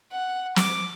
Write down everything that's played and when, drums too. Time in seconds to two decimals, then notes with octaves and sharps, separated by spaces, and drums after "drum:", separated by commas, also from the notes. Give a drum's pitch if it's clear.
0.12 F#5
0.56 D6, drum: snare